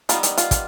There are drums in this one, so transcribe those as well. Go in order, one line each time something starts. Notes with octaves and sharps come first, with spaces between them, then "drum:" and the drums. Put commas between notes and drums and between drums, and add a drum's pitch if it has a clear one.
D#3 G3 B3 D#4 F4, drum: hi-hat
drum: hi-hat
F4, drum: hi-hat
drum: kick, hi-hat